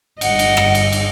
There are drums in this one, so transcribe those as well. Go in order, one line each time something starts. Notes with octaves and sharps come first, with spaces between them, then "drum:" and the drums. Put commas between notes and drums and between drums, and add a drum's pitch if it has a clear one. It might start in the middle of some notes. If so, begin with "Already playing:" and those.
G1 G2 D#5 F#5, drum: cymbal
drum: cymbal
drum: rim click
drum: cymbal
drum: cymbal